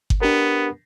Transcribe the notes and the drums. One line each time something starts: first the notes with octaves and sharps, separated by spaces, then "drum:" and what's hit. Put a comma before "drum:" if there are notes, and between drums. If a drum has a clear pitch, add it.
drum: kick G1
B3 D4 G4 A#4